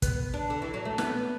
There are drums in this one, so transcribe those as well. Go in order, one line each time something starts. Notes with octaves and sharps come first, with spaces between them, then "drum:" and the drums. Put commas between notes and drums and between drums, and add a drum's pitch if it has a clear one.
B3, drum: kick, hi-hat
D4
D3
E3
F#3
A3
B3, drum: snare